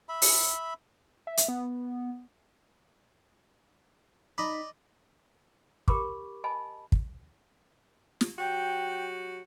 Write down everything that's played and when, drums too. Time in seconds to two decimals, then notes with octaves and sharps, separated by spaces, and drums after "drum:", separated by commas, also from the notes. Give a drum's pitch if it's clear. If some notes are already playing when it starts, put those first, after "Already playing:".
0.09 E5 B5
0.22 drum: open hi-hat
1.27 E5
1.37 drum: hi-hat
1.48 B3
4.38 D#4 D5 D#5 B5
5.88 G4 A#4 B5 C#6 D6, drum: kick
6.44 D#5 G#5 A5 B5
6.92 drum: kick
8.21 drum: snare
8.39 F#3 F#4 G4 G5